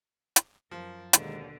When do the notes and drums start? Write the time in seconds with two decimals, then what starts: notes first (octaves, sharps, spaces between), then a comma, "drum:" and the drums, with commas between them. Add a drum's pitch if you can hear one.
0.36 drum: hi-hat
0.71 F#2 F3 A#4
1.13 D#2 B2 D3 D#3 G#3 D#4, drum: hi-hat